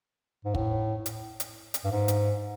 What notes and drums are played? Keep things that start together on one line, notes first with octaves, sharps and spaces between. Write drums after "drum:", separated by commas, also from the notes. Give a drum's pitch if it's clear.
G#2
A2, drum: kick
drum: hi-hat
drum: hi-hat
drum: hi-hat
G2
G#2
drum: hi-hat